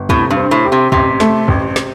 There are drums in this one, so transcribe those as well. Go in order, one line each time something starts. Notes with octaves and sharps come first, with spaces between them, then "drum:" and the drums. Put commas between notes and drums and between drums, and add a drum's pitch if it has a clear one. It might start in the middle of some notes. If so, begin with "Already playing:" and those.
Already playing: G1
A2 C3, drum: kick
G2
C4
A2
G4
C3
A1 C3, drum: kick
A3, drum: snare
A1, drum: kick
drum: snare